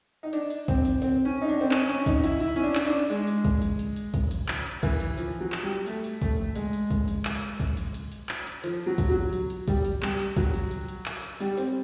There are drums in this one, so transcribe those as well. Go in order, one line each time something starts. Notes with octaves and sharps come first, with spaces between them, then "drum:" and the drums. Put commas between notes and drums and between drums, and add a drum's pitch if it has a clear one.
D#4
D4, drum: hi-hat
drum: hi-hat
C4, drum: kick, hi-hat
drum: hi-hat
C4, drum: hi-hat
C#4
D#4
D4
C4
C#4, drum: clap
C#4, drum: hi-hat
D#4, drum: kick, hi-hat
E4, drum: hi-hat
E4, drum: hi-hat
C#4, drum: hi-hat
D4
drum: clap
D4
G#3, drum: hi-hat
drum: hi-hat
drum: kick, hi-hat
drum: hi-hat
drum: hi-hat
drum: hi-hat
drum: kick, hi-hat
drum: hi-hat
drum: clap
drum: hi-hat
E3, drum: kick, hi-hat
drum: hi-hat
F3, drum: hi-hat
F#3
drum: clap
G3
A3, drum: hi-hat
drum: hi-hat
A3, drum: kick, hi-hat
G#3, drum: hi-hat
drum: hi-hat
drum: kick, hi-hat
drum: hi-hat
drum: clap
drum: kick, hi-hat
drum: hi-hat
drum: hi-hat
drum: hi-hat
drum: clap
drum: hi-hat
F3, drum: hi-hat
F#3
drum: kick, hi-hat
F#3
drum: hi-hat
drum: hi-hat
G3, drum: kick, hi-hat
drum: hi-hat
G3, drum: clap
drum: hi-hat
F#3, drum: kick, hi-hat
drum: hi-hat
drum: hi-hat
drum: hi-hat
drum: clap
drum: hi-hat
G3, drum: hi-hat
C4, drum: hi-hat